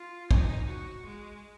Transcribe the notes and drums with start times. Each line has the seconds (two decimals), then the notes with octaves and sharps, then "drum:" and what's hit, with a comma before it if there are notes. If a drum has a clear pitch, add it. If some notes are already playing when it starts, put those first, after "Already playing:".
Already playing: F4
0.31 D#4, drum: kick
0.68 F#4
1.06 G#3